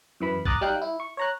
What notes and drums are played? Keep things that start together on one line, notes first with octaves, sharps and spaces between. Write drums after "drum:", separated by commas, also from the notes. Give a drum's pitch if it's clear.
F#2 E3 B5
A#5 D6 D#6 F#6 A6, drum: kick
G3 D#4 F5 G5 F#6
E4
C#6
C#5 A#5 F#6